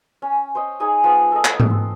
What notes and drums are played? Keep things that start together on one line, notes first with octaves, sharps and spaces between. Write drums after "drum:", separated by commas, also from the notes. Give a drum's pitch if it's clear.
C#4
C5 C#5 D#5
D#4 G#4 G#5
F3 B3
A4 D#5
drum: clap
drum: tom G#2
C4